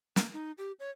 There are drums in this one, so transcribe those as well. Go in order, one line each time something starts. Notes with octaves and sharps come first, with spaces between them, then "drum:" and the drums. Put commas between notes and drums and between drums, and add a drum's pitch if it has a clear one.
A#3, drum: snare
D#4
G4
C#5